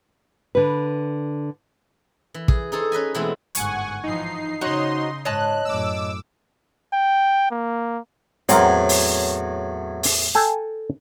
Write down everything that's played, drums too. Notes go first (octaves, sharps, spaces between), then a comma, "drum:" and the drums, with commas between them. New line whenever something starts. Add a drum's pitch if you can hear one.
D3 B4
E3
G#4, drum: kick
D#4 G#4 A4 C5
C#4 B4 D#5 G#5
B2 E3 G#3 A3 C4 E4
G1 G#2 F#5 G#5 C#6, drum: hi-hat
E3 F3 D#4 C7
C#3 D#4 F#4 C5 C#5 D#5 C6
G#2 C#5 D#5 A5 F#6
F#2 A2 D6 E6
G5
A#3
E2 A2 F#3 C4 A#4, drum: hi-hat
drum: open hi-hat
drum: open hi-hat
A4 G5 G#5